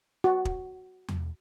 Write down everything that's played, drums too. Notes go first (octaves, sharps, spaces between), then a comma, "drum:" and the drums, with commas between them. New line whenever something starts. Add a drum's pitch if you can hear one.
F#4
drum: kick
drum: tom E2